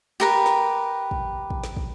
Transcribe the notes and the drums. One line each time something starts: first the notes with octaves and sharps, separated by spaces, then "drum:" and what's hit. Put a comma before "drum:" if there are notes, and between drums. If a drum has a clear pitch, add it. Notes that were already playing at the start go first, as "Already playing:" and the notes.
G4 A#4 B4
drum: snare
drum: kick
drum: kick
drum: snare
drum: kick